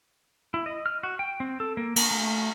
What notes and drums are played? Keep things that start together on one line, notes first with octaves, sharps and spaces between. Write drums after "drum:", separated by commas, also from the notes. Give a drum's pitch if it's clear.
E4
D#5
F6
F#4
G5
C4
A4
A#3
A#3, drum: cymbal
A3